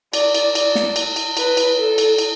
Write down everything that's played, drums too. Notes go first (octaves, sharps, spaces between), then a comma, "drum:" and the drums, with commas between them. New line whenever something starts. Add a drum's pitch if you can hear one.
D5, drum: cymbal
drum: cymbal
D5, drum: cymbal
drum: snare
drum: cymbal
drum: cymbal
B4, drum: cymbal
drum: cymbal
A4
drum: cymbal
drum: cymbal